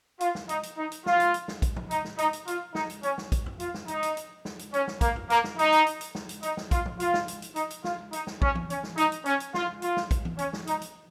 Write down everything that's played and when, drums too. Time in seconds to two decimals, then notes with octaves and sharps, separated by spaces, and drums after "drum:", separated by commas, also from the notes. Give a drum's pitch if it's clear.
0.20 F4, drum: hi-hat
0.35 drum: snare
0.49 D#4, drum: hi-hat
0.63 drum: hi-hat
0.78 D#4
0.92 drum: hi-hat
1.06 F4, drum: snare
1.20 drum: hi-hat
1.34 drum: hi-hat
1.48 drum: snare
1.62 drum: kick, hi-hat
1.76 drum: tom
1.91 D#4, drum: hi-hat
2.05 drum: snare
2.18 D#4, drum: hi-hat
2.33 drum: hi-hat
2.47 F4, drum: hi-hat
2.75 D#4, drum: snare
2.90 drum: hi-hat
3.03 C#4, drum: hi-hat
3.18 drum: snare
3.32 drum: kick, hi-hat
3.46 drum: tom F#2
3.60 F4, drum: hi-hat
3.74 drum: snare
3.88 D#4, drum: hi-hat
4.03 drum: hi-hat
4.17 drum: hi-hat
4.45 drum: snare
4.59 drum: hi-hat
4.74 C#4, drum: hi-hat
4.88 drum: snare
5.01 A#3, drum: kick, hi-hat
5.16 drum: tom F#2
5.30 A#3, drum: hi-hat
5.44 drum: snare
5.59 D#4, drum: hi-hat
5.72 drum: hi-hat
5.87 drum: hi-hat
6.01 drum: hi-hat
6.15 drum: snare
6.29 drum: hi-hat
6.43 D#4, drum: hi-hat
6.57 drum: snare
6.71 F4, drum: kick, hi-hat
6.85 drum: tom
7.00 F4, drum: hi-hat
7.14 drum: snare
7.28 drum: hi-hat
7.42 drum: hi-hat
7.56 D#4, drum: hi-hat
7.70 drum: hi-hat
7.84 F4, drum: snare
8.13 D#4, drum: hi-hat
8.27 drum: snare
8.42 C#4, drum: kick
8.55 drum: tom E3
8.70 C#4, drum: hi-hat
8.83 drum: snare
8.98 D#4, drum: hi-hat
9.12 drum: hi-hat
9.25 C#4, drum: hi-hat
9.40 drum: hi-hat
9.54 F4, drum: snare
9.82 F4, drum: hi-hat
9.97 drum: snare
10.11 drum: kick, hi-hat
10.25 drum: tom E3
10.38 C#4, drum: hi-hat
10.53 drum: snare
10.67 D#4, drum: hi-hat
10.81 drum: hi-hat